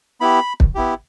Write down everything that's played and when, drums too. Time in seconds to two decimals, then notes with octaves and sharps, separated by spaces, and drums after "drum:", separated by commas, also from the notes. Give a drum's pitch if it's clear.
0.21 B3 E4 G4 B5
0.60 drum: kick
0.75 B3 E4 G4